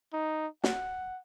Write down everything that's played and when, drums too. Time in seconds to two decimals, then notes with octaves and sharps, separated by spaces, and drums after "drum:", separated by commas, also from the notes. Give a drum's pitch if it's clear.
0.13 D#4
0.64 F#5, drum: snare